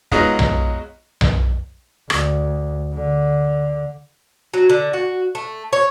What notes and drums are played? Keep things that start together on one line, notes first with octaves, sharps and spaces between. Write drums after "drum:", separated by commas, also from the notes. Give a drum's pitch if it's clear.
F#3 G#3 B3 D#4 F4 F#4, drum: kick
drum: tom B1
drum: tom B1
D2, drum: rim click
D3
F#3
D3
F#4
A3
C#5